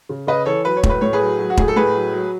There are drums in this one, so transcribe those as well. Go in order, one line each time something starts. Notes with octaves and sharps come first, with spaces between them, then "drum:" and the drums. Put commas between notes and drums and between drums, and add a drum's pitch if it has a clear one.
C#3
C#3 B4 D#5
E3 A4 C#5
F#3 B4
C#5
A2, drum: kick E1
B4
A2 C#5
G#4 B4
F#3
F#3
F#4
A2 G#4, drum: kick E1
A4
A2 G#4 B4
F#3
F#3